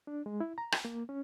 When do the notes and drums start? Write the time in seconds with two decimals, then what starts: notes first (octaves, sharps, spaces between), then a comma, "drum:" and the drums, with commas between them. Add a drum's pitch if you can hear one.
0.07 D4
0.26 G#3
0.40 E4
0.58 A#5
0.72 drum: rim click
0.85 A#3
1.09 C#4